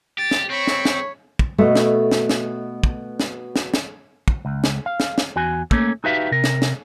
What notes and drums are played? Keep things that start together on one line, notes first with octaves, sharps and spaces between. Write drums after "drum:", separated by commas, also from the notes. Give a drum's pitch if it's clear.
G4 A6
drum: snare
C4 C#5 B5 C#6
drum: snare
drum: snare
drum: kick
B2 A3
drum: snare
drum: snare
drum: snare
drum: kick
drum: snare
drum: snare
drum: snare
drum: kick
C#2
drum: snare
F5
drum: snare
drum: snare
E2 F#4 G#5
A3 A#3 C#4, drum: kick
D#4 F#4 G4 B4 E5 F5
C3 A#4
drum: snare
drum: snare